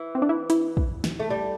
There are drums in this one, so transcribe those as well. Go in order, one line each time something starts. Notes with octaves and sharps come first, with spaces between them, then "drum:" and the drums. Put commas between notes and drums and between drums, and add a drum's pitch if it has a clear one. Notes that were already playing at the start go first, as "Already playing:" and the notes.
Already playing: E3
C4
D4
E4
E4, drum: hi-hat
drum: kick
drum: snare
A3
G3